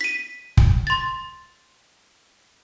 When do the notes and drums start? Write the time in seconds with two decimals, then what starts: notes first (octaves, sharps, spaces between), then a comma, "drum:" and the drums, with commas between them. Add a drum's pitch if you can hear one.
0.01 B6 D#7
0.57 drum: kick
0.87 C6 A6